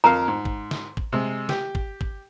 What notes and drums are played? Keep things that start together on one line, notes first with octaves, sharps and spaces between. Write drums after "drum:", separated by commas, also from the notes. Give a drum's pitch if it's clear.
F2 A#4 F5 A#5
G#2
drum: kick
drum: snare
drum: kick
C3 G#3
G4, drum: snare
drum: kick
drum: kick